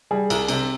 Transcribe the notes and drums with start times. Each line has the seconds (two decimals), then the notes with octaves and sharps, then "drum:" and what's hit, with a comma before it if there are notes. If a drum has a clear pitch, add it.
0.11 G3 G#4
0.30 C2, drum: cymbal
0.48 C3, drum: cymbal